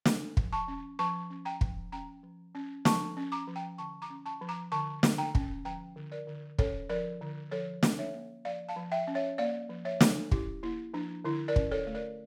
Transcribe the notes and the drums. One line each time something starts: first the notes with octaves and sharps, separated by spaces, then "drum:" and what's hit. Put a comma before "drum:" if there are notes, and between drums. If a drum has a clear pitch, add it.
C#4, drum: snare
F3, drum: kick
A5 C#6
C#4
F3 A5 C#6
C#4
G5 A#5
F3, drum: kick
C#4 G5 A#5
F3
C#4
F3 A5 C#6, drum: snare
C#4
A#5 D6
F3
G5 A#5
D3 A5 C#6
A#5 D6
C#4
A5 C#6
F3
A#5 D6
D3 A5 C#6
D3, drum: snare
G5 A#5
C#4, drum: kick
F3 G5 A#5
D3
A#4 D5
D3
C#4 A4 C#5, drum: kick
F3 A#4 D5
D3
F3 A4 C#5
C#4, drum: snare
C#5 E5
A#3
F3 D5 F5
F5 A5
F3
E5 G5
C#4
C#5 E5
A#3 D5 F5
F3
C#5 E5
F3, drum: snare
C#4 E4 G4, drum: kick
A#3 E4
F3 D4
D3 E4
A#4 D5
C#4, drum: kick
A4 C#5
A3
A#4 D5